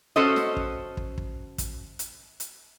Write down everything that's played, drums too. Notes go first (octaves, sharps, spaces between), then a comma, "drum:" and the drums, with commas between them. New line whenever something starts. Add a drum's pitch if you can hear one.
C#4 F#4 A4 C5 D#5
drum: snare
drum: kick
drum: kick
drum: kick
drum: kick, hi-hat
drum: hi-hat
drum: hi-hat